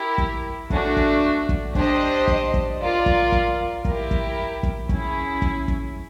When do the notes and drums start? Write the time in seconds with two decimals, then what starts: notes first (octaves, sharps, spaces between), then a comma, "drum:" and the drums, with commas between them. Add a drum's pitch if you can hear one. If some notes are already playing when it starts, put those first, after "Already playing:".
Already playing: E4 G4 A#4
0.18 drum: kick
0.70 A3 D4 F#4, drum: kick
0.97 drum: kick
1.49 drum: kick
1.75 D4 G4 C5 D#5, drum: kick
2.28 drum: kick
2.54 drum: kick
2.79 F4 A#4 D5
3.06 drum: kick
3.32 drum: kick
3.85 E4 G4 A#4, drum: kick
4.11 drum: kick
4.63 drum: kick
4.89 C#4 E4 G#4, drum: kick
5.42 drum: kick
5.68 drum: kick